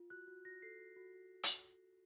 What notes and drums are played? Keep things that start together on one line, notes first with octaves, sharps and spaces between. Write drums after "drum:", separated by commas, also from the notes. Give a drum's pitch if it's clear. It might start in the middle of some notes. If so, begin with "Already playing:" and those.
Already playing: F4
F#4 F#6
F#4
F#4 A#6
A4 C7
F#4
F#4
F#4
drum: hi-hat